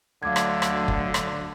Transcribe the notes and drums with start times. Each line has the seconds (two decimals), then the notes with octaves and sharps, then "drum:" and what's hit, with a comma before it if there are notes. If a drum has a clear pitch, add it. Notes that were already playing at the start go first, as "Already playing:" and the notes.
0.23 D2 D3 F#3 F5 D6 G#6
0.36 drum: rim click
0.62 drum: rim click
0.88 drum: kick
1.14 drum: rim click